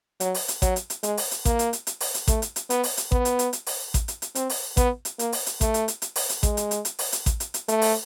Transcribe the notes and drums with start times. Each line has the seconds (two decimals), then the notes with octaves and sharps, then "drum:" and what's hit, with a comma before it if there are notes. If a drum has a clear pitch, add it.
0.20 F#3, drum: hi-hat
0.34 drum: open hi-hat
0.48 drum: hi-hat
0.62 F#3, drum: kick A1, hi-hat
0.76 drum: hi-hat
0.90 drum: hi-hat
1.03 G#3, drum: hi-hat
1.17 drum: open hi-hat
1.31 drum: hi-hat
1.45 A#3, drum: kick A1, hi-hat
1.59 drum: hi-hat
1.73 drum: hi-hat
1.87 drum: hi-hat
2.00 drum: open hi-hat
2.14 drum: hi-hat
2.28 A3, drum: kick A1, hi-hat
2.42 drum: hi-hat
2.56 drum: hi-hat
2.70 B3, drum: hi-hat
2.83 drum: open hi-hat
2.97 drum: hi-hat
3.12 B3, drum: kick A1
3.25 drum: hi-hat
3.39 drum: hi-hat
3.53 drum: hi-hat
3.66 drum: open hi-hat
3.94 drum: kick A1, hi-hat
4.08 drum: hi-hat
4.22 drum: hi-hat
4.35 C4, drum: hi-hat
4.50 drum: open hi-hat
4.77 B3, drum: kick A1, hi-hat
5.05 drum: hi-hat
5.19 A#3, drum: hi-hat
5.33 drum: open hi-hat
5.46 drum: hi-hat
5.61 A3, drum: kick A1, hi-hat
5.74 drum: hi-hat
5.88 drum: hi-hat
6.02 drum: hi-hat
6.16 drum: open hi-hat
6.29 drum: hi-hat
6.43 G#3, drum: kick A1, hi-hat
6.57 drum: hi-hat
6.71 drum: hi-hat
6.85 drum: hi-hat
6.99 drum: open hi-hat
7.12 drum: hi-hat
7.26 drum: kick A1, hi-hat
7.40 drum: hi-hat
7.54 drum: hi-hat
7.68 A3, drum: hi-hat
7.82 drum: open hi-hat